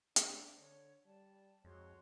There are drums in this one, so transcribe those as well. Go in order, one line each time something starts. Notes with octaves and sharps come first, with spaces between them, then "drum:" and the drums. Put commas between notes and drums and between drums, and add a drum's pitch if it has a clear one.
D4 A4 C5, drum: hi-hat
D3 C#5
G3 D5 A5
F2 G#3 F#4 C#5 C6